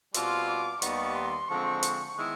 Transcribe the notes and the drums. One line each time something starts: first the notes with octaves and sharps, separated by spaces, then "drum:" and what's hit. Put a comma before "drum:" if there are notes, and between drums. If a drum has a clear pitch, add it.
B2 G3 C4 F4 D6, drum: hi-hat
D6
D#2 D#3 G3 B3 C#6, drum: hi-hat
C6
D3 F3 G#3 C4 C#6
C#6, drum: hi-hat
D#3 G#3 B3 E4